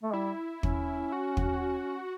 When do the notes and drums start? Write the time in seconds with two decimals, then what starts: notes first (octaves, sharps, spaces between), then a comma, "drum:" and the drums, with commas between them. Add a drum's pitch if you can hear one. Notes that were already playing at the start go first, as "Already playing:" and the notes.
0.03 A3
0.13 G3 E4
0.63 C#4, drum: kick
1.12 F#4
1.37 drum: kick